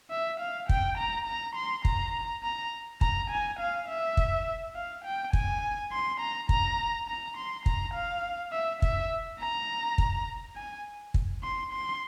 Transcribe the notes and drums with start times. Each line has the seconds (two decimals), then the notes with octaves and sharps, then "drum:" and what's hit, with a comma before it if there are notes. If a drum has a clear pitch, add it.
0.11 E5
0.40 F5
0.69 G5, drum: kick
0.98 A#5
1.27 A#5
1.56 C6
1.85 A#5, drum: kick
2.43 A#5
3.01 A#5, drum: kick
3.30 G#5
3.59 F5
3.88 E5
4.17 drum: kick
4.75 F5
5.05 G5
5.33 G#5, drum: kick
5.92 C6
6.20 A#5
6.49 A#5, drum: kick
7.08 A#5
7.37 C6
7.66 A#5, drum: kick
7.94 F5
8.52 E5
8.82 E5, drum: kick
9.40 A#5
9.98 drum: kick
10.56 G#5
11.14 drum: kick
11.43 C6
11.73 C6